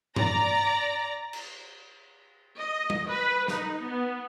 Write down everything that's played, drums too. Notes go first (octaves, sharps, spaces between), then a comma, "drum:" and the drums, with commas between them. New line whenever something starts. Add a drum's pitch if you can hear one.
D5 A#5 A#6, drum: tom G2
drum: cymbal
D#5
drum: tom G3
B4
D#4, drum: snare
B3